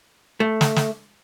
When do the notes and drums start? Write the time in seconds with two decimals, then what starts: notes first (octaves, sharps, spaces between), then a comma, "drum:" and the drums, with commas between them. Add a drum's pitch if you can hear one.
0.40 A3
0.61 drum: snare
0.76 drum: snare